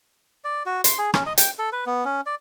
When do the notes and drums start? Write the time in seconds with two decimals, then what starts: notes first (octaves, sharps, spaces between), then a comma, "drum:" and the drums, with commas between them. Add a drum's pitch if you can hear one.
0.44 D5
0.66 F#4
0.84 C6, drum: hi-hat
0.98 G#4
1.14 C#4, drum: rim click
1.26 D#5
1.38 G5, drum: hi-hat
1.59 A4
1.72 B4
1.86 B3
2.05 C#4
2.26 D5